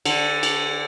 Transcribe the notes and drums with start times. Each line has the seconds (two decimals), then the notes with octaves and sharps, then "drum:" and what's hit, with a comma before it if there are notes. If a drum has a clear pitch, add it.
0.05 D3, drum: cymbal
0.43 drum: cymbal